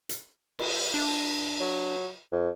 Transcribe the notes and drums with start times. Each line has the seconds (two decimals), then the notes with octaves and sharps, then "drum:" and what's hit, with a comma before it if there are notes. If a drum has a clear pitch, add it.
0.09 drum: hi-hat
0.59 drum: cymbal
0.94 D4
1.60 F#3
2.32 F2